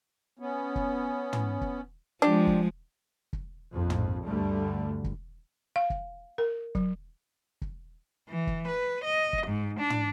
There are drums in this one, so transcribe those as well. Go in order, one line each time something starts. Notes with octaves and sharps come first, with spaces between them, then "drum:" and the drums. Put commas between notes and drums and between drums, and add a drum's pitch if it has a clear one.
B3 C#4
drum: kick
drum: tom
drum: kick
F3 G#3 D4 G4
drum: kick
drum: kick
A#1 F2
drum: tom
D2 G2 D3 G3 A3
drum: kick
F5
drum: kick
A#4
F#3, drum: kick
drum: kick
E3
drum: kick
B4
D#5
drum: kick
G#2
D4
drum: tom